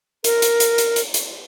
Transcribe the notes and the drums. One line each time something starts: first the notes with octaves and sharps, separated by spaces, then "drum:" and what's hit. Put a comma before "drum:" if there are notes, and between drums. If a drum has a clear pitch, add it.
A#4, drum: hi-hat
drum: hi-hat
drum: hi-hat
drum: hi-hat
drum: hi-hat
drum: hi-hat